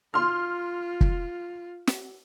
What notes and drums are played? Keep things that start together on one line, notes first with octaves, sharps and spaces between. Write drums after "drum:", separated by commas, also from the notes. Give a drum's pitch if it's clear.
F4 C6 F6
drum: kick
drum: snare